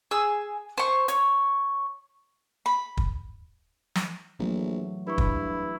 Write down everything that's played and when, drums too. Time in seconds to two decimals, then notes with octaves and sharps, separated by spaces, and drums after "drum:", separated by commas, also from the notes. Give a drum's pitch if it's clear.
0.11 G#4 E6
0.78 C5 C#6
1.08 C#5, drum: hi-hat
2.66 B5
2.97 drum: kick
3.95 drum: snare
4.39 A#1 E3 F#3 A3
5.07 G2 E4 B4 B5 C#6
5.18 drum: kick